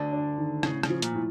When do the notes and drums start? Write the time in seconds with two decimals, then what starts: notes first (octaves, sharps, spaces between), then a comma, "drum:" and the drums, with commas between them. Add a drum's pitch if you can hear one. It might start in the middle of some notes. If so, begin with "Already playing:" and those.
Already playing: D2 D3 D4
0.12 D4
0.38 D#3
0.63 A2 C#3, drum: rim click
0.83 C#3, drum: rim click
0.90 F3
1.02 A#2, drum: hi-hat
1.14 A2